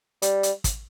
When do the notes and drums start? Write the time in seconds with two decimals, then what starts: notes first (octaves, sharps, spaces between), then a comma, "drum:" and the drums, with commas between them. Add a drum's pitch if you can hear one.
0.22 G3, drum: hi-hat
0.43 drum: hi-hat
0.64 drum: kick, hi-hat